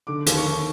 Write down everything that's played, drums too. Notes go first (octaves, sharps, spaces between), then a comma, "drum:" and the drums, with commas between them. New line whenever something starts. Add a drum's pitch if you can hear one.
D3 D6
D#2, drum: hi-hat
C#6
D#2